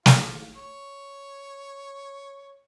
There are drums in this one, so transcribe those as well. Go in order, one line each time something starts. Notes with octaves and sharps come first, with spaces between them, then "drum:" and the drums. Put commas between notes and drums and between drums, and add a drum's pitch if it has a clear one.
F4, drum: snare
C#5